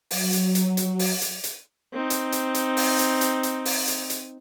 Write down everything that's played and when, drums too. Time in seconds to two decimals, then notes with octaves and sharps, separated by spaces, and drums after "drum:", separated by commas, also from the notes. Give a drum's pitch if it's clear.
0.11 F#3, drum: open hi-hat
0.33 drum: hi-hat
0.55 drum: hi-hat
0.77 drum: hi-hat
0.99 drum: open hi-hat
1.21 drum: hi-hat
1.44 drum: hi-hat
1.93 C4 D#4
2.10 drum: hi-hat
2.32 drum: hi-hat
2.55 drum: hi-hat
2.77 drum: open hi-hat
2.99 drum: hi-hat
3.21 drum: hi-hat
3.43 drum: hi-hat
3.65 drum: open hi-hat
3.88 drum: hi-hat
4.10 drum: hi-hat